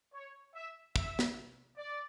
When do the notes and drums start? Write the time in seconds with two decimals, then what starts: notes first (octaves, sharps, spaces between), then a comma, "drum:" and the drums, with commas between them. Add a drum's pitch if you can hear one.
0.13 C#5
0.54 E5
0.96 E5, drum: kick
1.19 drum: snare
1.77 D5